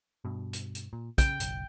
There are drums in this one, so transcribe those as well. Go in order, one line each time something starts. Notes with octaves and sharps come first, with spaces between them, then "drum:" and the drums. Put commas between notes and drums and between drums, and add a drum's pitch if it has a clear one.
G2 B2
drum: hi-hat
drum: hi-hat
A#2
C#3 G5, drum: kick, hi-hat
F#1 B1, drum: hi-hat